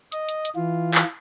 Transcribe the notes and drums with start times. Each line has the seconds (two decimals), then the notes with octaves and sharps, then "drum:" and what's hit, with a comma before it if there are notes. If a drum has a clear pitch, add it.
0.12 D#5, drum: hi-hat
0.29 drum: hi-hat
0.45 drum: hi-hat
0.56 E3 F4
0.94 drum: clap